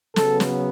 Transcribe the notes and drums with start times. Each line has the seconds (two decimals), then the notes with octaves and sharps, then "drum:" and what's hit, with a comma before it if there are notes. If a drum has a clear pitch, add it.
0.16 C#3 F#3 B3 A4, drum: snare
0.40 drum: snare